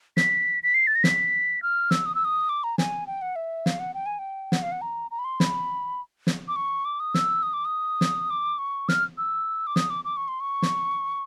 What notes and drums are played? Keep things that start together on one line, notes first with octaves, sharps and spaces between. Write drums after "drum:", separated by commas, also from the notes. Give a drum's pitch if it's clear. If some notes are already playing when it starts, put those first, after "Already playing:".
B6, drum: snare
B6
C7
A6
A#6
B6, drum: snare
F6
E6, drum: snare
D#6
E6
D#6
D6
A#5
G#5, drum: snare
G5
F#5
E5
F5, drum: snare
F#5
G5
G#5
G5
F#5, drum: snare
F5
F#5
A#5
A#5
B5
C6
B5, drum: snare
drum: snare
D6
C#6
D6
D#6
E6, drum: snare
D#6
D6
D#6
drum: snare
D6
C#6
F6, drum: snare
E6
D6
D#6, drum: snare
D6
D6
C#6
C6
C#6
drum: snare